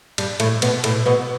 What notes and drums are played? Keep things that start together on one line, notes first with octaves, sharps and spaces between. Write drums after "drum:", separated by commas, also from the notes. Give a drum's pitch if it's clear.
G2 G3, drum: cymbal
A2 A3, drum: cymbal
B2 B3, drum: cymbal
A2 A3, drum: cymbal
B2 B3